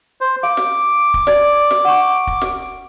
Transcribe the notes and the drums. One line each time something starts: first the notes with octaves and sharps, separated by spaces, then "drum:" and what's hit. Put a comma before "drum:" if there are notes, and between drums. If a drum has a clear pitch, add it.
C5
F5 D6
drum: snare
drum: kick
D5 A5 G#6, drum: snare
drum: snare
F#5 C#6
drum: kick
drum: snare